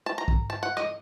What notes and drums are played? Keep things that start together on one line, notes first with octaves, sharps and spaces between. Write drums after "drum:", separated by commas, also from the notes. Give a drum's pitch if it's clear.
A5
A#5
drum: kick
A5
F#5
D#5, drum: rim click